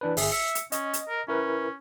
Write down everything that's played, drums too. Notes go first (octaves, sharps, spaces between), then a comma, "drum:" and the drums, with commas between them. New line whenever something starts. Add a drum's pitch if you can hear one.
E3 D4 B4
G1 G#4 E5, drum: open hi-hat
E5 C#7
drum: hi-hat
C#4 D#5, drum: hi-hat
drum: hi-hat
A#4
C#4 E4 A#4 B4